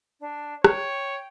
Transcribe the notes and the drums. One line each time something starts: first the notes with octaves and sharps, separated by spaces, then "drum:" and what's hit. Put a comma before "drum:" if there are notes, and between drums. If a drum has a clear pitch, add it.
D4
C#5 G5, drum: rim click